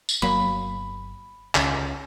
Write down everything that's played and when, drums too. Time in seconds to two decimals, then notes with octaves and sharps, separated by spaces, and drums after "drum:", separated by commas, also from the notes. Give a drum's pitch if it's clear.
0.09 drum: tambourine
0.22 G1 F#3 A#3 B5
1.55 C#2 C#3, drum: clap